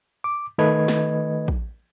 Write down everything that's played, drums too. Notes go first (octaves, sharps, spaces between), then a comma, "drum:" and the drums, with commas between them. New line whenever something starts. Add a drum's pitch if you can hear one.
D6
D#3 A3 B4 D#5 G#6
drum: snare
drum: kick